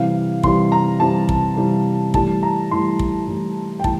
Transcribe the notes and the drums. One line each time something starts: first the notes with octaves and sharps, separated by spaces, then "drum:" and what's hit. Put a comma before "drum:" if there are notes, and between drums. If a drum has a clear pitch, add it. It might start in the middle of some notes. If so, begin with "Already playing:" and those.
Already playing: C3 E3 G3 F5
C3 E3 G3 C6, drum: kick
A#5
C3 E3 G3 A5
drum: kick
C3 E3 G3
A2 E3 G3 A5, drum: kick
A#5
A2 E3 G3 C6
drum: kick
A2 E3 G3
G5
A2 E3 A5, drum: kick